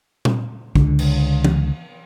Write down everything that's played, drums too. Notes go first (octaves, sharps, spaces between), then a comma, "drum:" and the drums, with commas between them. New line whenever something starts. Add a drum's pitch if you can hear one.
drum: tom A#2
C#2 D3, drum: kick
drum: cymbal
drum: tom E3